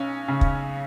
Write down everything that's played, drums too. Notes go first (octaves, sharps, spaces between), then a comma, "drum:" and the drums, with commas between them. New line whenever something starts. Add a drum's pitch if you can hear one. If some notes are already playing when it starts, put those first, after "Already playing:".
Already playing: B1 C#4
C#3
drum: kick